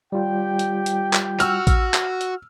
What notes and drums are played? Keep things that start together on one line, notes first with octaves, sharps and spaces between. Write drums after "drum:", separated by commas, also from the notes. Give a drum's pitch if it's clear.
G3 F4 G4 G5
drum: hi-hat
drum: hi-hat
drum: clap
F#4 E6 F6, drum: hi-hat
drum: kick, hi-hat
drum: clap
drum: hi-hat